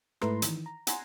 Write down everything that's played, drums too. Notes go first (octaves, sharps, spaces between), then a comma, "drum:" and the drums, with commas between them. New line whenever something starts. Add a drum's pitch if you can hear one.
G#2 A3 E4 B4 A#5 C6, drum: rim click
D#3 E3, drum: hi-hat
A#5
F#5 G#5 A#5 C6, drum: hi-hat